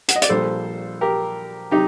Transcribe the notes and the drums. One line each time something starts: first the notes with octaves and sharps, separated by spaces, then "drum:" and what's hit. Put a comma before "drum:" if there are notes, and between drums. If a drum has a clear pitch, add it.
F#5, drum: hi-hat
D#5
D5, drum: hi-hat
A#1 A#2 G3 A4 C5
G4 A#4
C3 F#3 D#4 G4